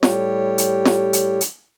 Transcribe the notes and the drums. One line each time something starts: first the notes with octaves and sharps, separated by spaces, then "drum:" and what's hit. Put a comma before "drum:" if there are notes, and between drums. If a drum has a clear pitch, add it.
A2 G3 G4 C#5, drum: snare
drum: hi-hat
drum: snare
drum: hi-hat
drum: hi-hat